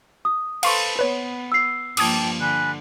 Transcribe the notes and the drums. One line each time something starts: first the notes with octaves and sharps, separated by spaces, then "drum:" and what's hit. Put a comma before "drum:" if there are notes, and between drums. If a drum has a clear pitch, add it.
D#6
A4 B4 C5 F5 C6 C#6, drum: cymbal
B3 B4 C#5
E6 C7
G2 F3 A#3 G5 A5 D6 D#6 G#6, drum: cymbal
D3 G#5 B5 F#6